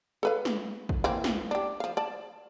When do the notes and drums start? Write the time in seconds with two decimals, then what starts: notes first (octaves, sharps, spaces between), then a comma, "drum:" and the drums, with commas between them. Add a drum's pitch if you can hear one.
0.23 A4 B4 F5
0.45 drum: snare
0.89 drum: kick
1.04 E3 A#3 C4
1.24 drum: snare
1.51 D4 G4
1.80 F3 F5
1.97 D5 A5